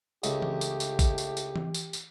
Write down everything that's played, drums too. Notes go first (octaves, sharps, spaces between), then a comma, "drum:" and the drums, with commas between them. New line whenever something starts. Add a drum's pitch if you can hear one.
C#2 A3 G4, drum: tambourine
drum: tom E3
drum: tambourine
drum: tambourine
drum: kick, tambourine
drum: tambourine
drum: tambourine
drum: tom E3
drum: tambourine
drum: tambourine